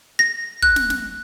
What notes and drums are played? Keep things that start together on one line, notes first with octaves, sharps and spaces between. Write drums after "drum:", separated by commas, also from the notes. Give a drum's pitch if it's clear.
A#6
F#6, drum: kick
drum: snare
drum: snare